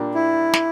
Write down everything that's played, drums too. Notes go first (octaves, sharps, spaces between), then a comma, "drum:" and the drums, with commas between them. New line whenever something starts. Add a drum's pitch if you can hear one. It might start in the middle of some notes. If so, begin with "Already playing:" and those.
Already playing: A#2 G3 A#3 D4
E4
drum: snare